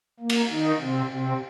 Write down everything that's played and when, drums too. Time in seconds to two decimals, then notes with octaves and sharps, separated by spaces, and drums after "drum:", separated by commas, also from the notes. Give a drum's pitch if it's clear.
0.20 A#3
0.30 drum: cymbal
0.50 D#3 D#4
0.81 C3 C4
1.12 C3 C4